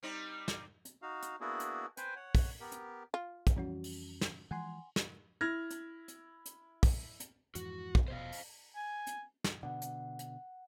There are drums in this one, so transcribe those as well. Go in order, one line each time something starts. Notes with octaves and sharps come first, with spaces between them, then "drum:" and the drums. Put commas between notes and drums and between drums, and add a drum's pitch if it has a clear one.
G3 C4 D#4
drum: snare
drum: hi-hat
D#4 F#4 F5
drum: hi-hat
A#3 B3 D4 E4 F#4 G#4
drum: hi-hat
B4 C5 G5 G#5, drum: hi-hat
C#5 F#5
drum: kick, open hi-hat
B3 G4 A#4
drum: hi-hat
F4
drum: kick, hi-hat
F2 E3 G3 C#4 F#4
drum: open hi-hat
drum: snare
E3 F3 G#3 F#5 G#5 C6
drum: snare
E4 F6 G#6 A#6
drum: hi-hat
drum: hi-hat
drum: hi-hat
drum: kick, open hi-hat
drum: hi-hat
F2 G#2 E3 F#4, drum: hi-hat
drum: kick
E1 B2 C5 D#5 F5
drum: open hi-hat
G#5
drum: hi-hat
drum: snare
B2 D3 F#5
drum: hi-hat
drum: hi-hat